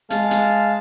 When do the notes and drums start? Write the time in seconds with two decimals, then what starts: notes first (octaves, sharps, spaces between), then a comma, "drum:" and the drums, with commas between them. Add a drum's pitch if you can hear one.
0.10 G#3 F5 A5, drum: hi-hat
0.31 drum: hi-hat